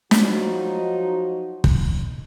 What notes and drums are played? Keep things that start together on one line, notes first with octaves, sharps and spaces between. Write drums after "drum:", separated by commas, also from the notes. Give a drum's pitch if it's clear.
F3 F#3 D#4 F#4, drum: snare
drum: kick